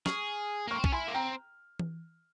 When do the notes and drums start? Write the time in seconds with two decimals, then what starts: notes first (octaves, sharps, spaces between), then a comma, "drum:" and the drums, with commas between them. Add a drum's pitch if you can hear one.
0.06 G#4 C#6 F6, drum: snare
0.67 A#3
0.71 C4 C#6 F6
0.84 C#4, drum: kick B1
0.92 E4 G#5 C6
1.07 A#3
1.14 C4 G5 A#5
1.79 drum: tom E3